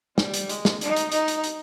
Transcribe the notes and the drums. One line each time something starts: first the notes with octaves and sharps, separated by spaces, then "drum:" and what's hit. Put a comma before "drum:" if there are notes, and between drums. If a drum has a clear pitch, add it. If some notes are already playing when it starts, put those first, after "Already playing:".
G3, drum: snare
drum: hi-hat
G#3, drum: hi-hat
drum: snare
D#4, drum: hi-hat
drum: hi-hat
D#4, drum: hi-hat
drum: hi-hat
drum: hi-hat